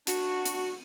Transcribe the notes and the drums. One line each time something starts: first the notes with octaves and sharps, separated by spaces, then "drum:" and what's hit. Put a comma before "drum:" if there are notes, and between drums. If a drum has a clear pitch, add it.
D4 F#4, drum: hi-hat
drum: hi-hat